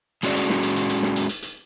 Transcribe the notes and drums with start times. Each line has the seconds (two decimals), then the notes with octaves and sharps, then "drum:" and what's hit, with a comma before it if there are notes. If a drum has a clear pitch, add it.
0.23 G#3 C#4 F#4 G#4 D5, drum: hi-hat
0.36 drum: hi-hat
0.50 drum: snare
0.63 drum: hi-hat
0.76 drum: hi-hat
0.89 drum: hi-hat
1.03 drum: snare
1.16 drum: hi-hat
1.29 drum: hi-hat
1.42 drum: hi-hat